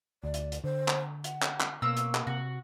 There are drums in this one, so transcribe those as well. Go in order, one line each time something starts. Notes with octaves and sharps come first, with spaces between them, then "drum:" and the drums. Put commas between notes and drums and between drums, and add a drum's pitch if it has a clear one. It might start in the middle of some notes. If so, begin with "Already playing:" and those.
D2 D5
drum: hi-hat
drum: hi-hat
D3 C5
drum: clap
F#5, drum: hi-hat
drum: clap
drum: clap
B2 A#3 C4 C#4 E6
drum: hi-hat
drum: clap
C3 F#4